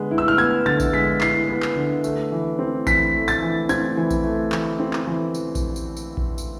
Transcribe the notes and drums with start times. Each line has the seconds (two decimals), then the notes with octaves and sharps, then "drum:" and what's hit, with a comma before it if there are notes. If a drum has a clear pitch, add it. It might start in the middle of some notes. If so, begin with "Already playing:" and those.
Already playing: D3 G#3 B3
0.11 E4
0.18 E6
0.28 F6
0.38 B3 G#6
0.66 D3 A6
0.80 drum: kick A#1, tambourine
0.93 G#3 B6
1.21 E4 C7, drum: clap
1.49 B3
1.62 drum: clap
1.76 D3
2.04 A3, drum: tambourine
2.32 E3
2.59 C4
2.87 E3 B6, drum: kick A#1, tambourine
3.14 A3
3.28 A6, drum: tambourine
3.41 E3
3.69 C4 G#6, drum: tambourine
3.97 E3
4.10 drum: kick A#1, tambourine
4.24 A3
4.52 E3, drum: clap
4.80 C4
4.93 drum: clap
5.07 E3
5.35 drum: tambourine
5.55 drum: kick A#1, tambourine
5.76 drum: tambourine
5.97 drum: tambourine
6.17 drum: kick A#1
6.38 drum: tambourine